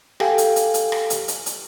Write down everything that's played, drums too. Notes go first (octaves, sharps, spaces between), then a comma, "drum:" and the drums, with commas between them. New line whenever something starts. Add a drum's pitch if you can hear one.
G4 A4 F5 G5 G#5, drum: rim click
drum: hi-hat
drum: hi-hat
drum: hi-hat
drum: rim click
drum: hi-hat
drum: hi-hat
drum: hi-hat